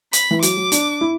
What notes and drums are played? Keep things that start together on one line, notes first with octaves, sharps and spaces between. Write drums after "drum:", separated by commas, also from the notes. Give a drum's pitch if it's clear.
B5, drum: hi-hat
E3
F#3 D6, drum: hi-hat
F#3
D4, drum: hi-hat
E4